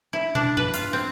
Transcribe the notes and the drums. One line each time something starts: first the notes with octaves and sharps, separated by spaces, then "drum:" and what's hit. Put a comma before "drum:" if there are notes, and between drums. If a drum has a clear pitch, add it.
E4
D4, drum: tom
B4, drum: tom G2
F4, drum: hi-hat
C4